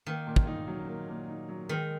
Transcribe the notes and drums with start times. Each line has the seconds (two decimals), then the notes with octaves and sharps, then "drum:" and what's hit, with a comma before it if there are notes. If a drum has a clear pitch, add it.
0.06 D#3 A#3
0.27 A#2
0.36 drum: kick
0.47 D#4
0.67 F#3
0.87 A#3
1.08 A#2
1.28 D#4
1.49 F#3
1.69 D#3 G#3